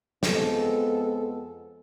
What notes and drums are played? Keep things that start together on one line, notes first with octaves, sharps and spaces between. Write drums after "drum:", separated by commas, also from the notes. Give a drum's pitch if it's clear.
F2 G#3 B3 A4, drum: snare